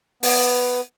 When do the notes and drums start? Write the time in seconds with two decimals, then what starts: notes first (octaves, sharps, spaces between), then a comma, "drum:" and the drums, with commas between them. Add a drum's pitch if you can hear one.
0.23 B3, drum: open hi-hat